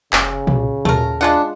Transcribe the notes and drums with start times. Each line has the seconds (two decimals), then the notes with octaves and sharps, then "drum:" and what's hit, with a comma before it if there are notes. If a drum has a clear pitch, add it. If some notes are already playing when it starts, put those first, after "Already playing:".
0.13 F1 C#3 C#4, drum: clap
0.47 C2, drum: tom A#2
0.85 D#2 A3 A#4, drum: tom A#2
1.21 G#3 D4 F4 F#5